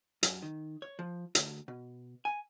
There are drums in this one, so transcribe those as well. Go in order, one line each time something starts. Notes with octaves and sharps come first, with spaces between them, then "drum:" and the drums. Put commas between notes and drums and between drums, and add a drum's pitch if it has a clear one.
F#2, drum: hi-hat
D#3
C#5
F3
D2, drum: hi-hat
B2
G#5